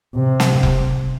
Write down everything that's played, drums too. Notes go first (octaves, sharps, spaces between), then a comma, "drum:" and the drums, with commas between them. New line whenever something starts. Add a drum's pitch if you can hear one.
C3
drum: snare
drum: kick F1